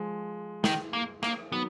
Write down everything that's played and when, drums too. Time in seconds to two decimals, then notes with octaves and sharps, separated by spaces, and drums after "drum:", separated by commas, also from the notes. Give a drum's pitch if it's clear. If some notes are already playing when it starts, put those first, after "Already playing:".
Already playing: F3 G#3
0.64 D#3, drum: snare
0.93 A#3
1.23 A#3, drum: rim click
1.52 D#3 F#3 B3